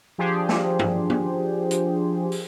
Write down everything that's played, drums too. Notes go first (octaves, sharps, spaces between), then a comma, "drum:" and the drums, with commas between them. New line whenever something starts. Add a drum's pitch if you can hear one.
F3 D4 G4 G#4 C5
drum: snare
drum: tom G2
drum: tom F3
drum: hi-hat
drum: open hi-hat